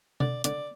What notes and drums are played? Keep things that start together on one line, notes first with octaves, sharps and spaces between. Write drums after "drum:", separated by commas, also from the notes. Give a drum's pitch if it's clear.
D3 D5, drum: tom B2
D3 D5, drum: hi-hat